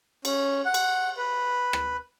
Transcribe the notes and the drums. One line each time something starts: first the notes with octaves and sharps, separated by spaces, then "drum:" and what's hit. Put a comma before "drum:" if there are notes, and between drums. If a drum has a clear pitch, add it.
C#4, drum: cymbal
F#5
drum: cymbal
B4
drum: rim click